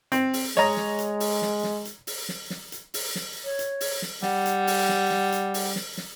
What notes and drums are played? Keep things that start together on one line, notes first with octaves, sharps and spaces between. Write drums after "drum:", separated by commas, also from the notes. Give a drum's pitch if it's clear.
C4, drum: hi-hat
drum: open hi-hat
G#3 C#5 D#5 A#5, drum: snare
drum: snare
drum: hi-hat
drum: open hi-hat
drum: snare
drum: snare
drum: hi-hat
drum: open hi-hat
drum: snare
drum: snare
drum: hi-hat
drum: open hi-hat
drum: snare
C#5
drum: hi-hat
drum: open hi-hat
drum: snare
G3 F#5, drum: snare
drum: hi-hat
drum: open hi-hat
drum: snare
drum: snare
drum: hi-hat
drum: open hi-hat
drum: snare
drum: snare